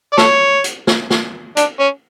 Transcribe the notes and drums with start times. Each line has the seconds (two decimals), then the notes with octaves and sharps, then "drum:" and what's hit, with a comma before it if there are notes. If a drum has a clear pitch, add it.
0.13 D5
0.18 A4 C#5, drum: snare
0.64 drum: hi-hat
0.87 drum: snare
1.10 drum: snare
1.57 D4, drum: hi-hat
1.80 C#4